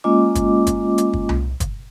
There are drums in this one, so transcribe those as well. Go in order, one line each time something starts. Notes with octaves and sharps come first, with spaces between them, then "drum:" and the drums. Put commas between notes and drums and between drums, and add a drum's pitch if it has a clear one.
G#3 A#3 C#4 F4 D#5 D6
drum: kick, hi-hat
drum: kick, hi-hat
drum: hi-hat
drum: kick
drum: tom C2
drum: kick, hi-hat